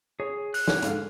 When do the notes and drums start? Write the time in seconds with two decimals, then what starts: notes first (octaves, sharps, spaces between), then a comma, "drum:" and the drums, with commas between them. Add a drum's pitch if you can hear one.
0.20 G#4 C#5
0.54 F#6, drum: open hi-hat
0.68 drum: snare
0.82 G#2 D3 F5, drum: hi-hat